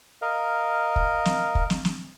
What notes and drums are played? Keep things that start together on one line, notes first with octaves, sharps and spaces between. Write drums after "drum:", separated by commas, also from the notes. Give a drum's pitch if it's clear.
A#4 D#5 F5
drum: kick
drum: snare
drum: kick
drum: snare
drum: snare